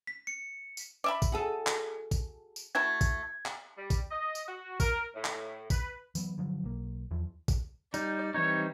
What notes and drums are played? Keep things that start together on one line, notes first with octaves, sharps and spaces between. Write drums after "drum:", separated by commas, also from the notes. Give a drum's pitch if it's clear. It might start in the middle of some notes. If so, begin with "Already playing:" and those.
B6
C#7
drum: tambourine
D5 E5 B5
drum: kick, tambourine
F#4 G#4 A4
drum: clap
drum: kick, tambourine
drum: tambourine
A3 E4 F#4 G#6
drum: kick, tambourine
drum: clap
G3
drum: kick, tambourine
D#5
drum: tambourine
F#4
A#4, drum: kick, tambourine
A2
drum: clap
B4, drum: kick, tambourine
E3 F#3 B3, drum: tambourine
G2 D3 F3 F#3
B1 A#3
E2 E3 F3
drum: kick, tambourine
G3 D#4 D5, drum: tambourine
E3 G3 C4 D#4 C#5